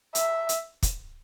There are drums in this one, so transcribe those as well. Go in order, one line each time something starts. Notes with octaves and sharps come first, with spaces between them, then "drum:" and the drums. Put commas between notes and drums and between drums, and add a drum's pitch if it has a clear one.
E5, drum: hi-hat
drum: hi-hat
drum: kick, hi-hat